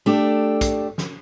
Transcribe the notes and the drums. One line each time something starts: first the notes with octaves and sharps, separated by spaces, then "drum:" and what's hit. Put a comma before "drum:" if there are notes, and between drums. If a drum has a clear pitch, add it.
A3 D4 G4
drum: kick, hi-hat
drum: snare